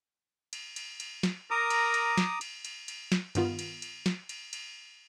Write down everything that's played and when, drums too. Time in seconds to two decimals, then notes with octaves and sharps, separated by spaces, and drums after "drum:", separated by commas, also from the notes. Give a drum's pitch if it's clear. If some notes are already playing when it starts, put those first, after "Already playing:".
0.53 drum: cymbal
0.76 drum: cymbal
1.00 drum: cymbal
1.23 drum: snare
1.51 A#4 A#5 D6 D#6
1.70 drum: cymbal
1.94 drum: cymbal
2.18 drum: snare
2.41 drum: cymbal
2.65 drum: cymbal
2.88 drum: cymbal
3.12 drum: snare
3.35 G2 D#3 B3 F4, drum: cymbal
3.59 drum: cymbal
3.82 drum: cymbal
4.06 drum: snare
4.29 drum: cymbal
4.53 drum: cymbal